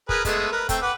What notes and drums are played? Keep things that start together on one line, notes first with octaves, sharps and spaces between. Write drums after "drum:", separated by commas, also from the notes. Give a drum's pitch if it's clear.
G#4 A#4 B4, drum: kick
G#3 A3 B3, drum: kick, hi-hat
A#4 B4
A3 C4 G5, drum: kick, hi-hat
B4 F#5 D6